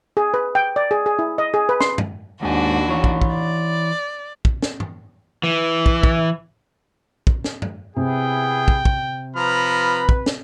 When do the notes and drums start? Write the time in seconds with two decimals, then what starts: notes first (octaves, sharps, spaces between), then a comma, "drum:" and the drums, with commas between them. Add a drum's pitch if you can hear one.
0.17 G#4
0.34 B4
0.55 G5
0.76 D5
0.91 G#4
1.06 G#4
1.19 E4
1.38 D#5
1.54 G#4
1.69 B4
1.81 C6, drum: snare
1.98 drum: tom G2
2.43 D#2 G#2 D4 F#4 G#5
2.88 E3 C#5
3.04 drum: kick
3.22 drum: kick
3.33 D5
4.45 drum: kick
4.62 drum: snare
4.80 drum: tom G2
5.43 E3
5.86 drum: kick
6.03 drum: kick
7.27 drum: kick
7.44 drum: snare
7.62 drum: tom G2
7.96 C3 B3 E4 G#4 G5
8.68 drum: kick
8.85 drum: kick
9.36 F3 B4 A#5 B5 F6
10.09 drum: kick
10.26 drum: snare